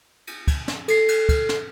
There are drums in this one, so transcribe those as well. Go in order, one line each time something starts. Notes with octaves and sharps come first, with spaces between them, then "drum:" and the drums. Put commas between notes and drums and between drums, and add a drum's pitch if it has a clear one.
drum: cymbal
drum: kick, cymbal
drum: snare
A4 C7, drum: cymbal
drum: cymbal
drum: kick, cymbal
drum: snare